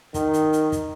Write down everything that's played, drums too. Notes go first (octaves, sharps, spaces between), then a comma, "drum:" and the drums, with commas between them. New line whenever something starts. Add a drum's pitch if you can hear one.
D#3, drum: kick, hi-hat
drum: hi-hat
drum: hi-hat
drum: kick, hi-hat